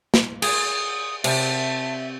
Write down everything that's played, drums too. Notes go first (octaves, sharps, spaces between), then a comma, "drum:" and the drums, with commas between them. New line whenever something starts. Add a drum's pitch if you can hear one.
drum: snare
G#4 D#6, drum: cymbal
C3 E5 A5, drum: cymbal